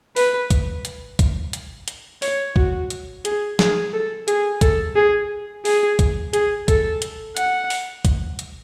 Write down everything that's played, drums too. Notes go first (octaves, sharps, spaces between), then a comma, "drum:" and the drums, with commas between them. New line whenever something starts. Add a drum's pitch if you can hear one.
B4, drum: open hi-hat
drum: kick C2, hi-hat
drum: hi-hat
drum: kick C2, hi-hat
drum: hi-hat
drum: hi-hat
C#5, drum: open hi-hat
F#4, drum: kick C2
drum: hi-hat
G#4, drum: hi-hat
G#4, drum: snare
A4
G#4, drum: hi-hat
A4, drum: kick C2, hi-hat
G#4
G#4, drum: open hi-hat
drum: kick C2, hi-hat
G#4, drum: hi-hat
A4, drum: kick C2, hi-hat
drum: hi-hat
F#5, drum: hi-hat
drum: open hi-hat
drum: kick C2, hi-hat
drum: hi-hat